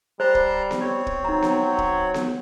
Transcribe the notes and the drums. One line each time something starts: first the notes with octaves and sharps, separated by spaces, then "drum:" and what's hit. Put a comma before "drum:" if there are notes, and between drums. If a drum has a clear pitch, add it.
G3 C5 A5 A#5 C6
drum: kick
drum: snare B3
C4 C#5
drum: kick
F#3 D#4 A#5
drum: snare B3
drum: kick
drum: snare B3